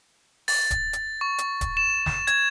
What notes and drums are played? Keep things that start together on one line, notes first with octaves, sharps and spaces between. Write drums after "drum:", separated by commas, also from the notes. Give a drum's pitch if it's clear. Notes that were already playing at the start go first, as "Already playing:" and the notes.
A6, drum: open hi-hat
drum: kick D1, hi-hat
drum: hi-hat
C#6
drum: hi-hat
drum: kick D1, hi-hat
E7
drum: snare
G#6, drum: hi-hat